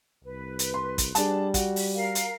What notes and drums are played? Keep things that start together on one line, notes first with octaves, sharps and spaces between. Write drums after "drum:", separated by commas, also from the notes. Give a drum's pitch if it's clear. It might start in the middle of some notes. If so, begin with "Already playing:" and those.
C2 B4
drum: hi-hat
C6
drum: kick, hi-hat
G3 D4 G#4 A5, drum: hi-hat
F#4, drum: kick, hi-hat
drum: open hi-hat
A#4 F5
drum: hi-hat